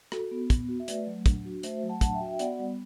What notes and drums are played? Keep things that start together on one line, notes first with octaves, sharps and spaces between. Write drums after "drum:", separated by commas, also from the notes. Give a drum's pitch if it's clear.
F#4 A4, drum: rim click
B3
B3, drum: kick, hi-hat
F#4
E5
A3 B4 D5, drum: hi-hat
F#3
D4, drum: kick, hi-hat
F#4
A3 C5 E5, drum: hi-hat
F#3
F#5 A5
D4 F#5 A5, drum: kick, hi-hat
E5 G5
F#4
E5 G5
B3 D5 F#5, drum: hi-hat
G3